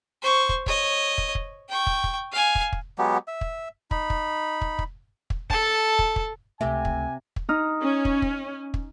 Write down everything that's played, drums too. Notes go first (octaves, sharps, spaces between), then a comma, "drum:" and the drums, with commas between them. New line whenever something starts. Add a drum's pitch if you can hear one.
C5 C#6
drum: kick
C#5 D#5, drum: kick
drum: kick
drum: kick
G5 C#6
drum: kick
drum: kick
F5 G#5
drum: kick
drum: kick
F#3 G#3 B3 G4
E5
drum: kick
D#4 B5, drum: kick
drum: kick
drum: kick
drum: kick
drum: kick
A4 A5, drum: kick
drum: kick
drum: kick
C#2 C3 A3 G4 E5 G#5
drum: kick
drum: kick
D#4 D#6 F6
C#4
drum: kick
drum: kick
drum: kick